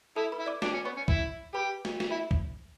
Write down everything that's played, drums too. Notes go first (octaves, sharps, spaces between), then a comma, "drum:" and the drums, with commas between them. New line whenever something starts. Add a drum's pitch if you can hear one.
E4 A4 A5
B4 B5
E4
D5 D6
D4 D5 D6, drum: snare
C#4
B3 C#5 C#6
C#4
E4, drum: kick
G4 B4 B5
drum: snare
drum: snare
E4
drum: kick